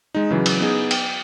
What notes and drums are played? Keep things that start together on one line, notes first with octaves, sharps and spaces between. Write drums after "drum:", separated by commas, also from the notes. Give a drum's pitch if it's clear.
G#3 D#4
C#3 E3 F#3
drum: cymbal
B3 D#4 G#4
G5, drum: cymbal